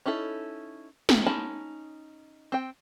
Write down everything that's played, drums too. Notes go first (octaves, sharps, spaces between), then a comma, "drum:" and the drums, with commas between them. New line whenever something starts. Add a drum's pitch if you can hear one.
C#4 D#4 E4 A4
drum: snare
C#4 D#4 A5 B5
C4 G5